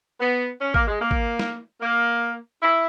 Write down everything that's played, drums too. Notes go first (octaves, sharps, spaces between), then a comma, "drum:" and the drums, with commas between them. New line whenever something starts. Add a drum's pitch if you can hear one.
B3
C#4
A#3, drum: kick
G#3
A#3
drum: kick
drum: snare
A#3
E4